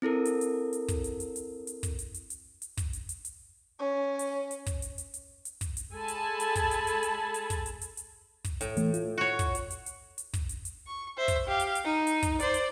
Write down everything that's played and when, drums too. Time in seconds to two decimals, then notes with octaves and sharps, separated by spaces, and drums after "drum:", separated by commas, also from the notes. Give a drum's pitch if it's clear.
0.02 C4 E4 A4 A#4
0.25 drum: hi-hat
0.41 drum: hi-hat
0.73 drum: hi-hat
0.88 drum: kick, hi-hat
1.04 drum: hi-hat
1.20 drum: hi-hat
1.36 drum: hi-hat
1.67 drum: hi-hat
1.83 drum: kick, hi-hat
1.99 drum: hi-hat
2.14 drum: hi-hat
2.30 drum: hi-hat
2.62 drum: hi-hat
2.77 drum: kick, hi-hat
2.93 drum: hi-hat
3.09 drum: hi-hat
3.25 drum: hi-hat
3.80 C#4
4.19 drum: hi-hat
4.51 drum: hi-hat
4.66 drum: kick, hi-hat
4.82 drum: hi-hat
4.98 drum: hi-hat
5.14 drum: hi-hat
5.45 drum: hi-hat
5.61 drum: kick, hi-hat
5.77 drum: hi-hat
5.92 G#3 A4 G#5 A5 B5
6.08 drum: hi-hat
6.40 drum: hi-hat
6.55 drum: kick, hi-hat
6.71 drum: hi-hat
6.87 drum: hi-hat
7.03 drum: hi-hat
7.34 drum: hi-hat
7.50 drum: kick, hi-hat
7.66 drum: hi-hat
7.81 drum: hi-hat
7.97 drum: hi-hat
8.44 drum: kick, hi-hat
8.61 A2, drum: hi-hat
8.77 E3 A3, drum: hi-hat
8.94 F4, drum: hi-hat
9.18 F#4 C#5
9.39 drum: kick, hi-hat
9.55 drum: hi-hat
9.70 drum: hi-hat
9.86 drum: hi-hat
10.18 drum: hi-hat
10.33 drum: kick, hi-hat
10.49 drum: hi-hat
10.65 drum: hi-hat
10.87 C#6
11.17 C5 E5
11.28 drum: kick, hi-hat
11.48 G4 F5
11.60 drum: hi-hat
11.75 drum: hi-hat
11.85 D#4
12.07 drum: hi-hat
12.23 drum: kick, hi-hat
12.40 C5 D5, drum: hi-hat
12.54 drum: hi-hat